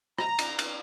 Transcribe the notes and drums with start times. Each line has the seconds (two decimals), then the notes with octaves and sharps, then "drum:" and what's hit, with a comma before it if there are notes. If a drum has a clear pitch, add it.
0.18 A#5, drum: rim click
0.39 drum: cymbal
0.59 drum: cymbal